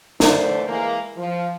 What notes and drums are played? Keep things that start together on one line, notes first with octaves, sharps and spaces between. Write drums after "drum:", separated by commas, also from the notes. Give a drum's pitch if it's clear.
D3 E3 A3 C5 D5, drum: snare
E3 G#3 A#3
F3